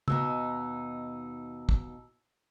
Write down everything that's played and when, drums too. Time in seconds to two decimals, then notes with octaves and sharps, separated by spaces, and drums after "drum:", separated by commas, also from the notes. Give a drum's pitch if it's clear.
0.08 D#2 B2 D#4 E6, drum: tom
1.69 drum: kick